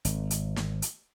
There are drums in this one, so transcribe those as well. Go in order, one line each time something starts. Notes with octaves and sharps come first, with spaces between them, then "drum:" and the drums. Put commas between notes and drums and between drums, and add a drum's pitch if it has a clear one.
G#1, drum: hi-hat
drum: hi-hat
drum: snare
drum: hi-hat